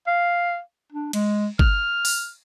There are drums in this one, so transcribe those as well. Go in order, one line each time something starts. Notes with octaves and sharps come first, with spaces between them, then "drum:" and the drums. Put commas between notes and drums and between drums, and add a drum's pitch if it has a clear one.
F5
D4
G#3, drum: cymbal
F6, drum: kick
drum: open hi-hat